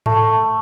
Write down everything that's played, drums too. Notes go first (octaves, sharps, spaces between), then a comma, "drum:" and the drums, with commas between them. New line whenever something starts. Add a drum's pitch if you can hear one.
A3, drum: tom G#2